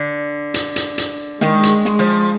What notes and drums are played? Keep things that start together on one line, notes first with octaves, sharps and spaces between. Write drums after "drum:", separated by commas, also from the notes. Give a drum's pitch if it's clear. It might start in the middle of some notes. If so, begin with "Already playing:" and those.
Already playing: D3
drum: hi-hat
drum: hi-hat
drum: hi-hat
D#3 G#3, drum: snare
drum: hi-hat
drum: snare
F3